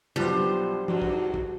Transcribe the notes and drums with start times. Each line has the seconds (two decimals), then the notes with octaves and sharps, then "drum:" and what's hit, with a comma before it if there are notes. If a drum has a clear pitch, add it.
0.16 B1 F3 G3 D4 C5, drum: tom
0.88 E2 G#2 F#3 D4 F#4, drum: tom
1.02 drum: kick
1.34 drum: kick